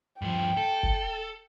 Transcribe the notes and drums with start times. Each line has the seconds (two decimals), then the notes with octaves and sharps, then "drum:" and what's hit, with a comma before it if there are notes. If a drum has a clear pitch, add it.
0.22 G2 F3 G5
0.57 A4
0.83 drum: kick F#1